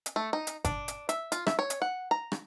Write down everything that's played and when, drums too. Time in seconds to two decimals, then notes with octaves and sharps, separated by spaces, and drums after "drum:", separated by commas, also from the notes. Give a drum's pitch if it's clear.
0.06 drum: hi-hat
0.16 A3
0.33 D#4
0.47 drum: hi-hat
0.65 D4, drum: kick G1, hi-hat
0.88 drum: hi-hat
1.09 E5, drum: hi-hat
1.32 F4, drum: hi-hat
1.47 E5, drum: rim click
1.59 C#5
1.70 drum: hi-hat
1.82 F#5
2.11 A#5
2.32 drum: rim click